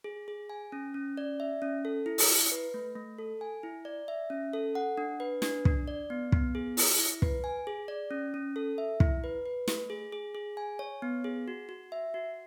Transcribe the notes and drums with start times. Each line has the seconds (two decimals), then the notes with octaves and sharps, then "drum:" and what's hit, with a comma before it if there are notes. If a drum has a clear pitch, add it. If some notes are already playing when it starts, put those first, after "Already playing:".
0.04 G#4
0.28 G#4
0.49 G#5
0.72 C#4
0.94 C#4
1.17 D5
1.40 E5
1.62 C#4
1.85 A4
2.06 E4
2.18 drum: open hi-hat
2.30 E4
2.52 B4
2.74 A3
2.95 A3
3.18 A4
3.41 G#5
3.63 E4
3.85 D5
4.08 E5
4.30 C#4
4.53 A4
4.75 F#5
4.97 D4
5.20 B4
5.42 D4, drum: snare
5.65 D4, drum: kick
5.88 D5
6.10 B3
6.32 B3, drum: kick
6.55 G#4
6.77 E4, drum: open hi-hat
6.99 E4
7.22 B4, drum: kick
7.44 G#5
7.67 G#4
7.88 D5
8.11 C#4
8.34 C#4
8.56 A4
8.78 E5
9.00 E4, drum: kick
9.24 B4
9.46 B4
9.68 A3, drum: snare
9.90 G#4
10.12 G#4
10.35 G#4
10.57 G#5
10.79 C#5
11.02 B3
11.24 G#4
11.48 F#4
11.69 F#4
11.92 E5
12.14 F#4